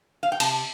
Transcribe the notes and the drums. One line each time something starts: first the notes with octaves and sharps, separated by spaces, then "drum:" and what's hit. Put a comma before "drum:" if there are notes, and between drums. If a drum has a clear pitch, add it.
F5
G5
C3 A5, drum: cymbal